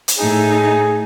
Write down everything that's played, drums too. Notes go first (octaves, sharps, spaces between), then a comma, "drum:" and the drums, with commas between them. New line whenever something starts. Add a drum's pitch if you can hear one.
drum: hi-hat
A2 D#4 G#4